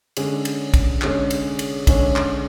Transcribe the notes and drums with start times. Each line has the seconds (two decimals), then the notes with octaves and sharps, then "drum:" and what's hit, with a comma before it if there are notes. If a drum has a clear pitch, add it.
0.17 D3 G#3 C#4 G#4 C#5, drum: cymbal
0.45 drum: cymbal
0.74 drum: kick, cymbal
1.02 D3 G#3 C#4 G#4 C#5, drum: clap
1.31 drum: cymbal
1.59 drum: cymbal
1.87 D3 G#3 C#4 G#4 C#5, drum: kick, cymbal
2.16 drum: clap